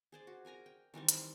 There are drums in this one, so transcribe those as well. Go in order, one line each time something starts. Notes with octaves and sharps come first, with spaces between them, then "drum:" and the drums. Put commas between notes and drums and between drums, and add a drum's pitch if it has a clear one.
G#4 C5 D5
F#4
G#4 A#4 G#5 A#5
G5
D#3 E3 G3 C4
drum: hi-hat